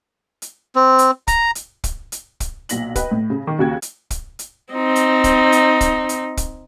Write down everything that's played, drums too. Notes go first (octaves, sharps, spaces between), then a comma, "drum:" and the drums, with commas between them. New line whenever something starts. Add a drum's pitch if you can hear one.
drum: hi-hat
C4
drum: hi-hat
A#5, drum: kick, hi-hat
drum: hi-hat
drum: kick, hi-hat
drum: hi-hat
drum: kick, hi-hat
B1 A#2 A#6 B6 F#7, drum: hi-hat
B4 D#5 G5, drum: kick, hi-hat
A2
C#3
D#3
D#2 C#3 F#4 G5 G#6
drum: hi-hat
drum: kick, hi-hat
drum: hi-hat
C4 D#4
drum: hi-hat
drum: kick, hi-hat
drum: hi-hat
drum: kick, hi-hat
drum: hi-hat
drum: kick, hi-hat